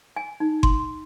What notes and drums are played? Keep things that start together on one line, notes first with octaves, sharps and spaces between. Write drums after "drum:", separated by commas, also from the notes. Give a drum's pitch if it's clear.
G#5
D#4
C6, drum: kick G1